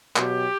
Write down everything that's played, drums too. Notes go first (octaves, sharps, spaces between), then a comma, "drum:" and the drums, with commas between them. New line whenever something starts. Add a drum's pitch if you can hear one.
B2 F#3 G4, drum: clap